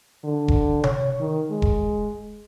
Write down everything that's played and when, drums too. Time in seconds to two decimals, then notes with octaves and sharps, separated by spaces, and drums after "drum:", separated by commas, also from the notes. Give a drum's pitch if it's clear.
0.24 D3
0.48 drum: kick E1
0.84 C#5, drum: tom C3
1.20 D#3
1.50 G#3
1.62 drum: kick E1